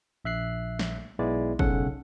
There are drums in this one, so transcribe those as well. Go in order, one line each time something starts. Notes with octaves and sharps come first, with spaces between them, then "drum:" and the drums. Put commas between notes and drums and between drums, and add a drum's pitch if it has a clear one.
A#1 E5 F#6 C7
drum: snare
B1 G#3 B3 E4 D5
B1 C#3 C#4 A4 F#5, drum: kick